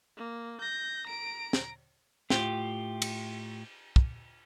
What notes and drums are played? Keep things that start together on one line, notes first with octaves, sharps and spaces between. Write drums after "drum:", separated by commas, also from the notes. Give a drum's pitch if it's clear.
A#3
G6 A#6
A#5 D7
drum: snare
A2 F4 G4 G5, drum: snare
drum: cymbal
drum: kick